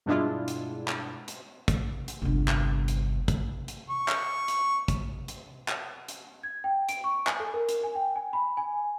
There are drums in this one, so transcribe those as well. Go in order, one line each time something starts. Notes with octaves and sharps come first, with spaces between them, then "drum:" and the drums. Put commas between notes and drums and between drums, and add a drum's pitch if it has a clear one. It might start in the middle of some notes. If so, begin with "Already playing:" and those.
G2 B2 G#3 D4 E4 F4
drum: hi-hat
drum: clap
drum: hi-hat
drum: kick, hi-hat
drum: hi-hat
G1 C2
drum: clap
drum: hi-hat
drum: kick, hi-hat
drum: hi-hat
C#6
drum: clap
drum: hi-hat
drum: kick, hi-hat
drum: hi-hat
drum: clap
drum: hi-hat
G#6
G5
D7, drum: hi-hat
C#6
G#5, drum: clap
A4
A#4
drum: hi-hat
G#5
G5
G#5
B5
G#5